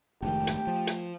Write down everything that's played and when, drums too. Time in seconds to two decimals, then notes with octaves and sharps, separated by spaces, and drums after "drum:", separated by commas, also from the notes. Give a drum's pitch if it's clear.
0.22 F1 G#2 D#3 A3 G4 G5
0.47 drum: hi-hat
0.67 F3
0.87 drum: hi-hat